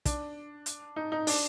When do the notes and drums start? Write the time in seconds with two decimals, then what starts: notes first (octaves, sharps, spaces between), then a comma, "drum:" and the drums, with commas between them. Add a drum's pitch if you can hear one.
0.05 D4, drum: kick, hi-hat
0.66 drum: hi-hat
0.96 D#4
1.12 D#4
1.27 D4, drum: open hi-hat